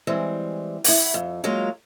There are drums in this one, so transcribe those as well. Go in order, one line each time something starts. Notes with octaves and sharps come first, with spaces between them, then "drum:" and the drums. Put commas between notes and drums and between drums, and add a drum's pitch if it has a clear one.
E3 G3 G#3 C4
E4 F#5, drum: open hi-hat
F2
F#3 G#3 A#3 F4